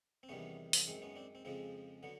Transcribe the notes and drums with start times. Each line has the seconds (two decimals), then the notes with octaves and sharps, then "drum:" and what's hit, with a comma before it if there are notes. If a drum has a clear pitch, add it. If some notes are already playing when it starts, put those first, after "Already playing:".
0.23 C4
0.29 E2 C3 D#3 G3 B3 C#4
0.73 C4, drum: open hi-hat
0.87 F#2 D#3 G#3 C4
1.02 B3 C#4
1.16 C4 D4
1.35 C4
1.45 F2 C#3 F3 G#3 C4
2.03 D3 F#3 B3